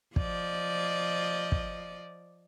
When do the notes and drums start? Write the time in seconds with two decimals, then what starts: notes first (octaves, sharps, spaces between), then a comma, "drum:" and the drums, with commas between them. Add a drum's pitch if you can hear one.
0.16 F3 D5 D#5, drum: kick
1.52 drum: kick